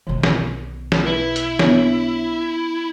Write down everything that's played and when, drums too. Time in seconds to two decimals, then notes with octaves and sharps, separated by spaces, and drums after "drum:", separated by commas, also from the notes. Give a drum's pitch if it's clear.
0.07 B1 B2 D#3
0.23 drum: snare
0.92 drum: snare
1.06 E4 B4
1.36 drum: hi-hat
1.59 B3 D4 C#5, drum: snare